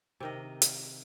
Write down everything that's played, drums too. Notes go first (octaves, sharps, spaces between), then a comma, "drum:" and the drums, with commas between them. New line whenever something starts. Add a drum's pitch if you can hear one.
C3 D#3 D#5
drum: hi-hat